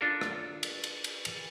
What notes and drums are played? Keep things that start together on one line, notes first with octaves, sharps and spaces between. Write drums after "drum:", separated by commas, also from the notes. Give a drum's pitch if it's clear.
D4 F4 A4 A#4
drum: rim click
drum: cymbal
drum: cymbal
drum: cymbal
drum: cymbal